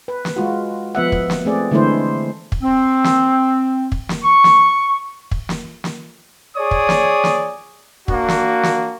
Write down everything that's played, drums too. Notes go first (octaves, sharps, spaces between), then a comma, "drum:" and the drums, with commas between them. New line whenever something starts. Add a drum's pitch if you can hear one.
B4
drum: snare
G#3 F4 F#4
F3 B3 E5 F#5
drum: kick
drum: snare
A3 C4 G#4 D5
D3 E3 G#3 A3 E4 C5
drum: kick
C4
drum: snare
drum: kick
drum: snare
C#6
drum: snare
drum: kick
drum: snare
drum: snare
G#4 C#5 D5 D#6
drum: kick
drum: snare
drum: snare
A#3 D4 F#4, drum: kick
drum: snare
drum: snare